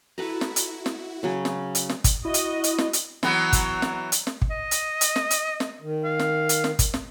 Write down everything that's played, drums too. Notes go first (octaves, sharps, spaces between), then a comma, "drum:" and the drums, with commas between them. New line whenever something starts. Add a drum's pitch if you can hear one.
E4 F#4 A4 B4 A#5
drum: snare
drum: hi-hat
drum: snare
C#3 F#3 C#5
drum: snare
drum: hi-hat
drum: snare
drum: kick, hi-hat
E4 F#4 D#5
drum: hi-hat
drum: hi-hat
drum: snare
drum: hi-hat
E3 F#3 B3, drum: snare
drum: kick, hi-hat
drum: snare
drum: hi-hat
drum: snare
drum: kick
D#5
drum: hi-hat
drum: hi-hat
drum: snare
drum: hi-hat
drum: snare
D#3
F5
drum: snare
drum: hi-hat
drum: snare
drum: kick, hi-hat
drum: snare